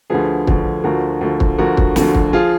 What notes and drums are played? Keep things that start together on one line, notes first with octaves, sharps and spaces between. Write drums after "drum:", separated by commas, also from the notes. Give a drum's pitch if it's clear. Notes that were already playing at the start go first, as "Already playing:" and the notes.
D2 D3 F3 G#4 B4
D2 D3 F3, drum: kick
D2 D3 F3 F#4 A#4
D2 D3 F3
drum: kick
D2 D3 F3 F#4 A#4
drum: kick
D2 D3 F3, drum: snare
drum: kick
F3 F4 G#4